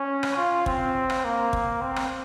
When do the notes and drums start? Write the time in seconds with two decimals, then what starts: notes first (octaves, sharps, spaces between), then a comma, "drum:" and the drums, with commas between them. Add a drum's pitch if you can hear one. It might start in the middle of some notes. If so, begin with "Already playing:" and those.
Already playing: C#4
0.23 drum: rim click
0.37 F4
0.66 C4, drum: kick
1.10 drum: rim click
1.24 A#3
1.53 drum: kick
1.81 C4
1.96 drum: rim click